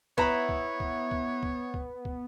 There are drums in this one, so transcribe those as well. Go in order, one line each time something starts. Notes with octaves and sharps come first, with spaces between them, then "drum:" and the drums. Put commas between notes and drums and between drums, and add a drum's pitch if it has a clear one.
B3 E4 B4 C#5 A#5 B5, drum: kick
drum: kick
drum: kick
drum: kick
drum: kick
drum: kick
drum: kick